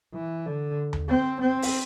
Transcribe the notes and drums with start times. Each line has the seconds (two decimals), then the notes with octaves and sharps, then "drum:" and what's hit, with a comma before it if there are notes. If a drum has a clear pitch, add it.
0.14 E3
0.46 D3
0.93 drum: tom D#2
1.09 C4
1.41 C4
1.62 drum: open hi-hat